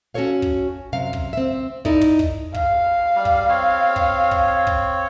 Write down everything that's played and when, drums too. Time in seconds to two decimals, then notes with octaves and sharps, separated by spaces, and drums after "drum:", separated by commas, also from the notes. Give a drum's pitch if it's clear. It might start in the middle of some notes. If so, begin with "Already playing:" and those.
0.14 C#4 F#4 G#4 A4 C#5 F5
0.42 drum: kick
0.93 F#2 C3 F5
1.13 drum: kick
1.33 C4 E5
1.85 D#4 E4 A4 D5, drum: kick
2.01 drum: tom
2.19 drum: kick
2.54 F5, drum: kick
3.16 G3
3.25 drum: kick
3.49 C4 C#5
3.96 drum: kick
4.31 drum: kick
4.67 drum: kick